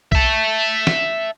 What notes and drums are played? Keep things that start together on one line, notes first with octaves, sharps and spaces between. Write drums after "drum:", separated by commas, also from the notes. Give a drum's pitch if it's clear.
E5 A5, drum: kick B1
drum: snare